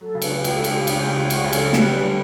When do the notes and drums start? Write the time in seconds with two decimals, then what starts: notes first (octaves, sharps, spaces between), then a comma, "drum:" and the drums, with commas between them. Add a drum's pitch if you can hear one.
0.01 F#3 A4
0.15 C#3
0.22 B4, drum: cymbal
0.29 C#2
0.44 C#2 G4, drum: cymbal
0.54 C#3 A4
0.64 G4, drum: cymbal
0.72 C#2
0.87 C#3, drum: cymbal
1.02 C#2
1.16 C#2
1.30 C#2 F#4, drum: cymbal
1.44 C#3 G4
1.53 A4, drum: cymbal
1.60 F#3
1.73 G3 B4, drum: snare
1.88 G3
2.03 D3